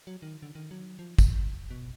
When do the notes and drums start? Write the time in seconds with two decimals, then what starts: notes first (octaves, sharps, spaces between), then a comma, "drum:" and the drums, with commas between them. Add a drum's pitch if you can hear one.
0.07 F#3
0.22 D#3
0.43 D3
0.55 D#3
0.71 F#3
0.99 F3
1.18 E2, drum: kick, tambourine
1.70 B2